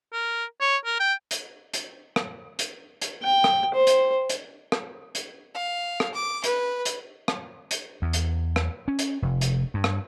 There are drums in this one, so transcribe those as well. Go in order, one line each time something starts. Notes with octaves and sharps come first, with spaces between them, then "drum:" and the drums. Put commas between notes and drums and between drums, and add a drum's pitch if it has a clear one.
A#4
C#5
A#4
G5
drum: hi-hat
drum: hi-hat
drum: rim click
drum: hi-hat
drum: hi-hat
G5
drum: rim click
C5
drum: hi-hat
drum: hi-hat
drum: rim click
drum: hi-hat
F5
drum: rim click
D6
B4, drum: hi-hat
drum: hi-hat
drum: rim click
drum: hi-hat
E2
drum: hi-hat
drum: rim click
C#4
drum: hi-hat
F1
drum: hi-hat
G2
drum: rim click